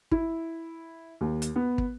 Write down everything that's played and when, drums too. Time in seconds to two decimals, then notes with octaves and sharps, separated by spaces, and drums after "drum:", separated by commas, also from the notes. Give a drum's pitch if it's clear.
0.11 E4, drum: kick
1.21 D#2
1.42 drum: hi-hat
1.56 B3
1.78 drum: kick